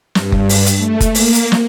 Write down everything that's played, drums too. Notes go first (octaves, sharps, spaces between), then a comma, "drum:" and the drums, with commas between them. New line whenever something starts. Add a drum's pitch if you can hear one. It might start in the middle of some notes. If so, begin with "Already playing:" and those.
G2, drum: snare
drum: kick F#1
drum: open hi-hat
drum: hi-hat
A3
drum: kick F#1, hi-hat
A#3, drum: open hi-hat
drum: hi-hat
drum: snare